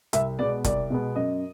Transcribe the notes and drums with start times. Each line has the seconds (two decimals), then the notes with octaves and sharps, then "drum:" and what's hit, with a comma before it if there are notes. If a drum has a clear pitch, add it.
0.13 C2 E5, drum: hi-hat
0.39 B2 G#3 B3 D5
0.64 C2 D5, drum: kick, hi-hat
0.90 B2 G#3 B3
1.15 F#2 D#5